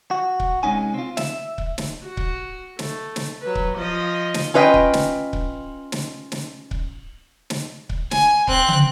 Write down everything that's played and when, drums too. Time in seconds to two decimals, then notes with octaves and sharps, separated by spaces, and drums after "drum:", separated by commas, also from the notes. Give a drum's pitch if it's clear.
0.11 F#4
0.40 drum: kick C#1
0.63 C3 F3 G#3 C#4 D#4 G#5
0.94 C4 F4
1.17 E5, drum: snare
1.58 drum: kick C#1
1.78 drum: snare
2.05 F#4
2.17 drum: kick C#1
2.79 A3, drum: snare
3.16 drum: snare
3.42 F#3 B4
3.55 drum: kick C#1
3.77 F3 D#5
4.34 drum: snare
4.54 C#4 F4 B4 D#5 E5 G5
4.74 drum: kick C#1
4.93 drum: snare
5.33 drum: kick C#1
5.92 drum: snare
6.32 drum: snare
6.71 drum: kick C#1
7.50 drum: snare
7.89 drum: kick C#1
8.11 G#5, drum: snare
8.48 C4 F#6, drum: kick C#1
8.68 drum: tom C#3